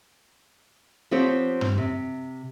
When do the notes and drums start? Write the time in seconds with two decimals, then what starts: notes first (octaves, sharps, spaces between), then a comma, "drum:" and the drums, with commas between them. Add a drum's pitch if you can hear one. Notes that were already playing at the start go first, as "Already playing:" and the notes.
1.11 F3 B3 C4 G4 C5 C#5
1.61 drum: tom
1.78 C3